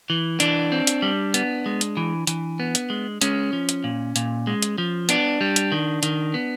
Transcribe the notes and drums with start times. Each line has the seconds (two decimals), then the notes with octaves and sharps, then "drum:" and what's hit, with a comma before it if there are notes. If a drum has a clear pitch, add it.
0.10 E3
0.40 E3 D4, drum: hi-hat
0.72 C4
0.87 drum: hi-hat
1.02 G3
1.34 B3, drum: hi-hat
1.66 G#3
1.81 drum: hi-hat
1.97 E3
2.27 E3, drum: hi-hat
2.60 B3
2.75 drum: hi-hat
2.90 G#3
3.22 G#3 C#4, drum: hi-hat
3.53 F3
3.69 drum: hi-hat
3.84 A#2
4.16 A#2, drum: hi-hat
4.47 G#3
4.62 drum: hi-hat
4.78 F3
5.09 B3 D4, drum: hi-hat
5.41 G3
5.56 drum: hi-hat
5.72 D#3
6.03 D#3, drum: hi-hat
6.34 B3